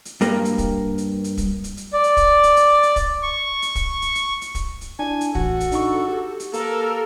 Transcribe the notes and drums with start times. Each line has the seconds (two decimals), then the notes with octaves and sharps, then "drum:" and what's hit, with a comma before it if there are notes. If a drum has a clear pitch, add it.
0.05 drum: hi-hat
0.21 G2 A#3, drum: hi-hat
0.45 drum: hi-hat
0.58 drum: kick, hi-hat
0.98 drum: hi-hat
1.24 drum: hi-hat
1.37 drum: kick, hi-hat
1.64 drum: hi-hat
1.77 drum: hi-hat
1.93 D5
2.04 drum: hi-hat
2.17 drum: kick, hi-hat
2.43 drum: hi-hat
2.56 drum: hi-hat
2.83 drum: hi-hat
2.96 drum: kick, hi-hat
3.23 C#6
3.62 drum: hi-hat
3.75 drum: kick, hi-hat
4.02 drum: hi-hat
4.15 drum: hi-hat
4.41 drum: hi-hat
4.55 drum: kick, hi-hat
4.81 drum: hi-hat
4.99 D4 E4 G#5
5.21 drum: hi-hat
5.35 A1 F#4 A4, drum: kick
5.60 drum: hi-hat
5.72 D4 D#4 C#6, drum: hi-hat
6.08 G4
6.40 drum: hi-hat
6.54 A#3 A4 A#4, drum: hi-hat